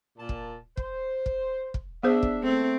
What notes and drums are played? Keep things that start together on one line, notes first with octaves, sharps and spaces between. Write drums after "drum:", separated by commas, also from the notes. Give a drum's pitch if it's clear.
A#2 A5
drum: kick
C5, drum: kick
drum: kick
drum: kick
B3 D4 G#4 C5 E5
drum: kick
A3 C4